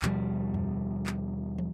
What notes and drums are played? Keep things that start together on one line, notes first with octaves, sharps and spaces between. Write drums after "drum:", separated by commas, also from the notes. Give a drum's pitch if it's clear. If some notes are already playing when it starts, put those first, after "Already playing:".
D#2 B2 F3 G3, drum: clap
drum: tom F2
drum: clap
drum: tom